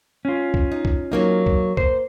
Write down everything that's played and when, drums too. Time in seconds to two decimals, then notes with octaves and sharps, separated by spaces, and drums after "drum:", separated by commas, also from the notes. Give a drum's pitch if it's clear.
0.25 C#4 F4
0.54 drum: kick C2
0.72 D#4
0.85 drum: kick C2
1.12 F#3 A#3 D#4
1.46 drum: kick C2
1.77 A#3 C5, drum: kick C2